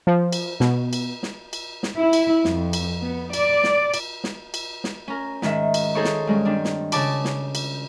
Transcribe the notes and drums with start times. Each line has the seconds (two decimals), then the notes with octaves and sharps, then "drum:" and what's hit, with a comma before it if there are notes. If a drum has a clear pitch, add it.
0.07 F3
0.33 drum: cymbal
0.60 B2, drum: snare
0.93 drum: cymbal
1.23 drum: snare
1.53 drum: cymbal
1.83 drum: snare
1.96 E4
2.13 drum: cymbal
2.45 F2, drum: snare
2.73 drum: cymbal
3.00 B3
3.33 D5, drum: cymbal
3.64 drum: snare
3.94 drum: cymbal
4.24 drum: snare
4.54 drum: cymbal
4.84 drum: snare
5.08 C#4 A#4
5.42 G#2 D#3 E5, drum: snare
5.74 drum: cymbal
5.95 D#4 G#4 A4 C5 C#5 C#6
6.04 drum: snare
6.27 G2 G#3 C#4
6.45 D#3 C4 D4
6.64 drum: snare
6.92 C#3 C#5 A5 D6, drum: cymbal
7.25 drum: snare
7.55 drum: cymbal